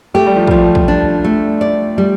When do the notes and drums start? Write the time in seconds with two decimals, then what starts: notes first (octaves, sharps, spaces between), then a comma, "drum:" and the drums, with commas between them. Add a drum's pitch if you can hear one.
0.14 A3 G4
0.26 G3
0.36 F3
0.47 F3 G3, drum: kick
0.75 drum: kick
0.88 D4
1.24 A3
1.61 D5
1.98 G3